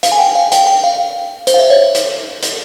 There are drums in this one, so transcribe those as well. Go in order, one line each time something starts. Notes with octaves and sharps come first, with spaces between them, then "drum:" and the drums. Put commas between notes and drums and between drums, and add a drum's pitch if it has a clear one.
F5, drum: hi-hat
G#5
G5
F5
G5, drum: hi-hat
G5
F5
C5, drum: hi-hat
F5
E5
C#5
drum: hi-hat
drum: hi-hat